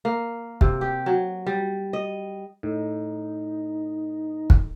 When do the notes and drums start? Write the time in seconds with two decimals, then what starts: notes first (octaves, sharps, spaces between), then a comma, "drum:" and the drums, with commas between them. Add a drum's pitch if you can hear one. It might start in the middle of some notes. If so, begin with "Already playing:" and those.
0.05 A#3
0.61 C3, drum: kick
0.81 G4
1.06 F#3
1.46 G3
1.93 D#5
2.63 A2 D#4
4.50 drum: kick